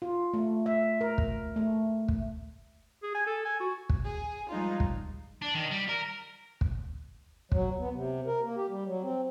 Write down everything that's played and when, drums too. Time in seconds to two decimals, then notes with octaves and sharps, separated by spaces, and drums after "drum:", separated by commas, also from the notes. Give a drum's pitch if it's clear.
0.02 F4
0.34 A3
0.66 E5
1.01 A#4
1.18 drum: kick
1.56 A3
2.08 drum: kick
3.03 G#4
3.15 G#5
3.27 A4
3.45 G#5
3.60 F#4
3.89 drum: kick
4.04 G#4
4.49 F3 G3 G#3 D#4 F4
4.80 drum: kick
5.42 D4
5.55 D#3
5.71 G3
5.89 A#4
6.61 drum: kick
7.52 F#3, drum: kick
7.79 B3
7.94 C3
8.26 A#4
8.43 A#3
8.56 G4
8.69 G3
8.86 F#3
9.02 C4